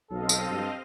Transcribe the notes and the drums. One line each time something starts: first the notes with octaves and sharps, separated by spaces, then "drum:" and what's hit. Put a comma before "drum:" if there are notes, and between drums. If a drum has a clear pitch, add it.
B1 F#3 C4 A4 D#5 F5
drum: tambourine
G2